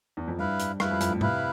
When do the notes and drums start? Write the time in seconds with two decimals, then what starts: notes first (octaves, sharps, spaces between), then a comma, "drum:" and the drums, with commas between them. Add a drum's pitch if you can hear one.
0.17 E2
0.28 F2
0.39 G2 E4 B4 F5
0.59 drum: hi-hat
0.80 G2 E4 B4 F5, drum: rim click
0.90 F2
1.00 F2, drum: hi-hat
1.05 G2
1.10 A2
1.21 C3 E4 B4 F5, drum: tom G#2